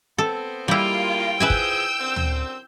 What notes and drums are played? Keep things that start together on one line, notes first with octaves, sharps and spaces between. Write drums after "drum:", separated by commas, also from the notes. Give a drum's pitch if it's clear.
B3 C4 A4
A2 G3 G#3 A#3 E4 F4 G5
F3 G#4 B4 E5 G#5 E6 G6
drum: kick
F#2 D3 C4
drum: tom D2